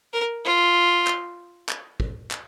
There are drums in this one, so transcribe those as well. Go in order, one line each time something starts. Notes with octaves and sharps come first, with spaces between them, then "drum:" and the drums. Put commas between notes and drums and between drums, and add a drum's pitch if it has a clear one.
A#4
F4
drum: clap
drum: clap
drum: kick
drum: clap